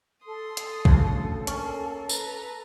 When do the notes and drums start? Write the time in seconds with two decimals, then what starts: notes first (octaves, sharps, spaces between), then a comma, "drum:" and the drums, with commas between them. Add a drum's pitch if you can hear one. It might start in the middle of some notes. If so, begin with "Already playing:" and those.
0.25 A4 C6 D#6
0.57 drum: hi-hat
0.85 D2 C#3, drum: kick
1.47 A#3 C#4, drum: hi-hat
2.09 B4 A#5, drum: tambourine